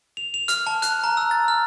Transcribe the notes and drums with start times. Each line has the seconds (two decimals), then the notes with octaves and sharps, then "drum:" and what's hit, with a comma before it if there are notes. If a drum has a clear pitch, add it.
0.17 F7
0.34 F7
0.48 F6, drum: hi-hat
0.67 A5
0.82 F#6, drum: hi-hat
1.04 A#5
1.17 E6
1.31 A6
1.48 F6